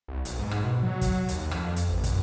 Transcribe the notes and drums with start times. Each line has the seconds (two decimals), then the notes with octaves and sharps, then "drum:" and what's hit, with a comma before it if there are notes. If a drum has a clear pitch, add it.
0.08 C2
0.25 B1, drum: hi-hat
0.39 G#2
0.51 drum: rim click
0.64 B2
0.83 F#3
1.01 drum: kick, hi-hat
1.29 D#2, drum: hi-hat
1.51 F2, drum: rim click
1.76 drum: hi-hat
1.89 A1
2.04 F#2, drum: kick, hi-hat